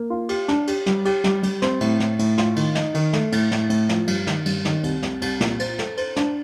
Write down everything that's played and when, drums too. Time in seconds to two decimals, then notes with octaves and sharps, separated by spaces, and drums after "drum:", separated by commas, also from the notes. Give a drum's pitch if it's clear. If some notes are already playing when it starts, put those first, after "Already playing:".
Already playing: A#3
0.10 F4
0.29 G4, drum: cymbal
0.48 D4, drum: snare
0.67 G4, drum: cymbal
0.86 G3, drum: snare
1.05 G4, drum: cymbal
1.24 G3, drum: snare
1.43 G3, drum: cymbal
1.62 C4, drum: snare
1.81 A2, drum: cymbal
2.00 A2, drum: snare
2.19 A2, drum: cymbal
2.38 F4, drum: snare
2.56 D#3, drum: cymbal
2.75 D#4, drum: snare
2.94 D#3, drum: cymbal
3.13 A3, drum: snare
3.32 A2, drum: cymbal
3.51 A2, drum: snare
3.70 A2, drum: cymbal
3.89 F3, drum: snare
4.07 G2, drum: cymbal
4.27 D#3, drum: snare
4.46 G2, drum: cymbal
4.65 D#3, drum: snare
4.84 C2, drum: cymbal
5.03 C2, drum: snare
5.22 C2, drum: cymbal
5.40 A#2, drum: snare
5.60 C5, drum: cymbal
5.79 A4, drum: snare
5.97 C5, drum: cymbal
6.16 D4, drum: snare